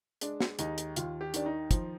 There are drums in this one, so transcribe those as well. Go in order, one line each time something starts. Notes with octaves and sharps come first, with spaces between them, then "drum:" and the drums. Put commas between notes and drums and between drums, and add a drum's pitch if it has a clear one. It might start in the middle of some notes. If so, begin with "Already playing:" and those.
G#3 D4, drum: hi-hat
drum: snare
D#2 D#4, drum: hi-hat
drum: hi-hat
D#2 F4, drum: hi-hat
G4
D#3 D4, drum: hi-hat
D#4
F3, drum: kick, hi-hat